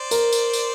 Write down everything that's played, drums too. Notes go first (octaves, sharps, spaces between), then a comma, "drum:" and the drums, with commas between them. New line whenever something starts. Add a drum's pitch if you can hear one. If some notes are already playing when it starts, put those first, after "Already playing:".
Already playing: C5 D5
A#4, drum: tambourine
drum: tambourine
drum: tambourine